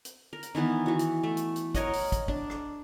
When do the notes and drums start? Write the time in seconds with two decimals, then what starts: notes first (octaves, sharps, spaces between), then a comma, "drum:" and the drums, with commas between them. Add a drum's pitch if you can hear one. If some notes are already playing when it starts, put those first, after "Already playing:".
0.05 drum: hi-hat
0.33 A#4
0.43 drum: hi-hat
0.55 D#3 E3 B3 E4
0.86 E3 F#4
0.99 drum: hi-hat
1.24 A3
1.37 drum: hi-hat
1.56 drum: hi-hat
1.75 A#4 C#5 D#5 F#5, drum: kick, hi-hat
1.93 drum: open hi-hat
2.12 drum: kick, hi-hat
2.28 D4, drum: kick
2.50 drum: rim click